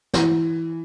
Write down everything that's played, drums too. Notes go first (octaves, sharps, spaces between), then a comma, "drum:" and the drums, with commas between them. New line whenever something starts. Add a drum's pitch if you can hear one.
E3, drum: snare